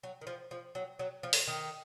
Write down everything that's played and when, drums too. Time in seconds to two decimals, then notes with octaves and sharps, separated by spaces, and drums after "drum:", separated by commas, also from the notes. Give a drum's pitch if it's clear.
0.03 F#3
0.21 D#3
0.27 F3
0.51 F3
0.75 F#3
0.99 F#3
1.23 F3
1.33 drum: open hi-hat
1.47 D#3